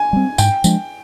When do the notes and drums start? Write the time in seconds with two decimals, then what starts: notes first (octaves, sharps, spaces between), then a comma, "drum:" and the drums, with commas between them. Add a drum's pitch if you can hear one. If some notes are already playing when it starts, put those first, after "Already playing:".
Already playing: G#5
0.13 G3 C4
0.38 G#2 G5, drum: tambourine
0.64 F3 G#3 D4, drum: tambourine